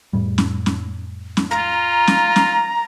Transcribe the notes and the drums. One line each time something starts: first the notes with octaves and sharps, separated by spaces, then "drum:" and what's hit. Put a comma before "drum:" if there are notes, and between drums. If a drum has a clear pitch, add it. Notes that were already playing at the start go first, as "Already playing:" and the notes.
F2 A2 G3
drum: snare C#4
drum: snare C#4
drum: snare C#4
F4 A#5
drum: snare C#4
drum: snare C#4